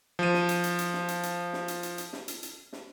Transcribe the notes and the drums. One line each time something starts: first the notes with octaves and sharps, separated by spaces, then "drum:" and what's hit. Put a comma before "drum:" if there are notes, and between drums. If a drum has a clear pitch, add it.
F3 D#7
drum: snare
drum: hi-hat
drum: hi-hat
drum: hi-hat
drum: snare
drum: hi-hat
drum: hi-hat
drum: snare
drum: hi-hat
drum: hi-hat
drum: hi-hat
drum: snare
drum: hi-hat
drum: hi-hat
drum: snare